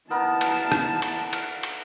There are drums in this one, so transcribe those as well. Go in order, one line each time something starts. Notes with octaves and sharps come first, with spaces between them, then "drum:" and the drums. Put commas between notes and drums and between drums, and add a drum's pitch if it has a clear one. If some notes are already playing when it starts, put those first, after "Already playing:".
B3 D#4 E4 A#4 A5
drum: cymbal
drum: rim click
drum: cymbal
drum: cymbal
drum: cymbal